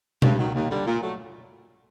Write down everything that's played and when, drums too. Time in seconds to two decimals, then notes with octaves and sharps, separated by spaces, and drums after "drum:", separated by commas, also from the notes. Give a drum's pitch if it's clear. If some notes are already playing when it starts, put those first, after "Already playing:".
0.22 G2, drum: tom B2
0.38 D#3 F#3
0.54 D#2
0.70 D3 G3
0.86 A#2
1.02 F#3 A3